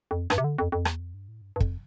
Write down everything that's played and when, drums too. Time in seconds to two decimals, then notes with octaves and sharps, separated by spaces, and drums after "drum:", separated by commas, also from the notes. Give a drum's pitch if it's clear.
0.11 F2
0.30 G2, drum: rim click
0.38 C3
0.44 D3
0.59 F2
0.72 F2
0.85 E2, drum: rim click
0.99 F2
1.14 G2
1.28 A2
1.41 G2
1.56 G2
1.60 F2, drum: kick